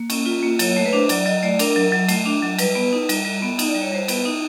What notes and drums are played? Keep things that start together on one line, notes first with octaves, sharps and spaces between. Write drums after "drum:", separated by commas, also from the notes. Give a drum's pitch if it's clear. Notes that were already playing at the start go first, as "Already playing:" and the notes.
Already playing: A#3
C#4, drum: cymbal
F4
A#3
F#3 C#5, drum: cymbal
A3 C#5
B4
D4 C5
F#3 D5, drum: cymbal
F#3 D#5
A3 D5
D4 A#4, drum: cymbal
F#3
F#3
A3, drum: cymbal
D4
F#3
G3 B4, drum: cymbal
B3
D#4
G3, drum: cymbal
G3
B3
D#4, drum: cymbal
D5
G3
C#5
G3 C5
B3 B4, drum: cymbal
D#4